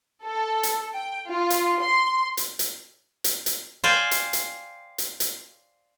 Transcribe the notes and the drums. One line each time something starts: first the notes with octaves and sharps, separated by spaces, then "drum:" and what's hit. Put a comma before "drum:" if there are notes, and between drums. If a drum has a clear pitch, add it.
A4
drum: hi-hat
G5
F4
drum: hi-hat
C6
drum: hi-hat
drum: hi-hat
drum: hi-hat
drum: hi-hat
C5 D5 F5 G5 G#5
drum: hi-hat
drum: hi-hat
drum: hi-hat
drum: hi-hat